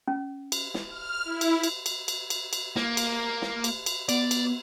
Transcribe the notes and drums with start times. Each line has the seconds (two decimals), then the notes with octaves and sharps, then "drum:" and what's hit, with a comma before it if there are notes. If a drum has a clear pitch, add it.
0.08 C#4
0.52 drum: cymbal
0.74 drum: snare
0.88 F6
1.25 E4
1.41 drum: cymbal
1.63 drum: cymbal
1.86 drum: cymbal
2.08 drum: cymbal
2.30 drum: cymbal
2.53 drum: cymbal
2.76 A#3, drum: snare
2.97 drum: cymbal
3.42 drum: snare
3.64 drum: cymbal
3.86 drum: cymbal
4.09 B3 D5, drum: cymbal
4.31 drum: cymbal